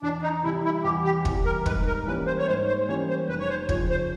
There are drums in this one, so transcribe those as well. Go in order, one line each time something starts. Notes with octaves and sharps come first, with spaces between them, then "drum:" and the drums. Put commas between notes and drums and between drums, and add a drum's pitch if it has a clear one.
E2 D4
D#4
C3 E3 G3 E4
E4
E2 G4
G4
C3 E3 G3, drum: kick
A#4
G#2 B4, drum: kick
A#4
E3 G3 A#3 C#4 B4
C5
C#5
G#2 C5
C5
E3 G3 A#3 C#4 C#5
C5
F1 B4
C#5
C5
F2 C#3 F3 C#5, drum: kick
C5